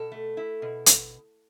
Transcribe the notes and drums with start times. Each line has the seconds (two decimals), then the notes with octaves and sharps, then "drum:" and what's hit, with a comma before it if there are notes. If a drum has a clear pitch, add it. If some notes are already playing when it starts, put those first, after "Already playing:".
Already playing: B2 A4
0.12 A3
0.37 E4
0.62 B2
0.86 drum: hi-hat